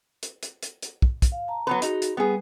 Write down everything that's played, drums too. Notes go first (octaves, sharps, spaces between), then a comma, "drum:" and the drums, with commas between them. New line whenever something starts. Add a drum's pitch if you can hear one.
drum: hi-hat
drum: hi-hat
drum: hi-hat
drum: hi-hat
drum: kick
drum: kick, hi-hat
F5
A5 A#5
F#3 B3 B4
D#4 F#4 G#4, drum: hi-hat
drum: hi-hat
G3 B3 G#4 B4